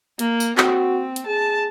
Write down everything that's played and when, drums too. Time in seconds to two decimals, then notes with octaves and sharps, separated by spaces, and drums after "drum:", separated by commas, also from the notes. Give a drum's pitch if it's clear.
0.19 A#3, drum: hi-hat
0.40 drum: tambourine
0.58 C4 F#4, drum: clap
1.16 drum: hi-hat
1.27 G#4 A5